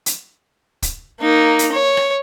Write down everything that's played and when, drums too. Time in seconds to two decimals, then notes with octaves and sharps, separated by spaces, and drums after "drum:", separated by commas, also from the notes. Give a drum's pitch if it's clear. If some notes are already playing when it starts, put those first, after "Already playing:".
0.06 drum: hi-hat
0.82 drum: kick, hi-hat
1.21 A#3 D#4
1.59 drum: hi-hat
1.72 C#5
1.97 drum: rim click